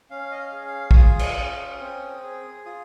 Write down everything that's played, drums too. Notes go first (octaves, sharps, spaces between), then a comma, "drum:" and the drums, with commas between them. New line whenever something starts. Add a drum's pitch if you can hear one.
C#4 F5
D#5
F5
G#4
F5
C#6, drum: kick A#1
F4 D#6
drum: cymbal
C#4
C4
G#4
F4 D#6